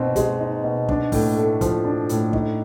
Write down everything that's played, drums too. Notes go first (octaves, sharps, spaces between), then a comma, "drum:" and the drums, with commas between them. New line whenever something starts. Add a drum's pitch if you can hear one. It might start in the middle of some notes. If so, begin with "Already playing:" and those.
Already playing: B2 C4 D#4
G#3, drum: kick, hi-hat
D#4
B2
D4, drum: kick
A2, drum: kick, open hi-hat
A3
F3, drum: kick, hi-hat
D4
A2, drum: hi-hat
D#4, drum: kick